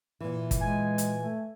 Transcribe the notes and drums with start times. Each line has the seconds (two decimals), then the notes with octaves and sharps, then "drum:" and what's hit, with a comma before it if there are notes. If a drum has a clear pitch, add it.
0.20 A#2 E3
0.51 drum: kick G1, hi-hat
0.60 G#3 G#5
0.98 drum: hi-hat
1.22 A3